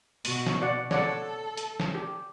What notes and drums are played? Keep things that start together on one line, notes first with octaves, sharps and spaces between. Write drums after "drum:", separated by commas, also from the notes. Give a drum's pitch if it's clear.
B2 F#4, drum: open hi-hat
drum: snare
B2 D5 F#5
A4 C#5 D5 F#5, drum: snare
drum: hi-hat
drum: snare
G4